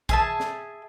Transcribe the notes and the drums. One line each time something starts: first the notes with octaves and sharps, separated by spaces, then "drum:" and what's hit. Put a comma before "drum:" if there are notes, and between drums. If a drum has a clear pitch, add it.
G#4 E5 A5, drum: kick, hi-hat
drum: snare